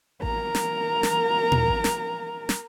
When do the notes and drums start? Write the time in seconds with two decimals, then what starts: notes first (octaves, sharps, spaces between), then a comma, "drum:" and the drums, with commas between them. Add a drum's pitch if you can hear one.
0.22 A#4 A#5, drum: kick A1
0.55 drum: snare
1.03 drum: snare
1.52 drum: tom A#2
1.68 drum: kick A1
1.84 drum: snare
2.49 drum: snare